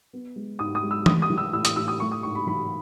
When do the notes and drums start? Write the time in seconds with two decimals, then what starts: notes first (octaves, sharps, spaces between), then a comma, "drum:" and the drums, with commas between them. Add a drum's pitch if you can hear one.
0.13 B3
0.36 G#3
0.59 G#2 D#6
0.75 D#6
0.83 G#3
0.91 E6
1.06 A3 D#6, drum: tom E3
1.22 D#6
1.30 E3
1.38 E6
1.53 A2 E6
1.65 D#6, drum: hi-hat
1.76 A2 E6
1.88 D#6
2.00 A3 C#6
2.12 D#6
2.23 G#2 C#6
2.35 B5
2.47 E3 B5